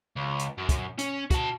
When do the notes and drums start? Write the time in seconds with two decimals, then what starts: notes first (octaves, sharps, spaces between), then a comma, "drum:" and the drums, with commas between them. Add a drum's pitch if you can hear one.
0.16 C#2
0.39 drum: hi-hat
0.58 F#2
0.69 drum: kick, hi-hat
0.99 C#4, drum: hi-hat
1.31 F#4 A5, drum: kick, hi-hat